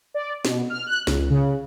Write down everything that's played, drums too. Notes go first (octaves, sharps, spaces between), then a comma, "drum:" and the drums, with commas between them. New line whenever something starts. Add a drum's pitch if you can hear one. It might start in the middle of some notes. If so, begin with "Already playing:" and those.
D5
B2, drum: snare
F6
F#6
C#2, drum: snare
C#3